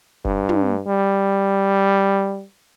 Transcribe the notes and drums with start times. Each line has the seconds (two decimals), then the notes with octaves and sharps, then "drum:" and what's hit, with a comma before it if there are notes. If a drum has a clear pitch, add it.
0.25 G2, drum: kick F#1
0.49 drum: tom
0.87 G3